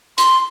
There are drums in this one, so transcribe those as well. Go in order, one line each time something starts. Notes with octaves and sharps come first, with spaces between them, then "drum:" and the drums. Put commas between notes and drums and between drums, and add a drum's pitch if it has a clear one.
C6, drum: hi-hat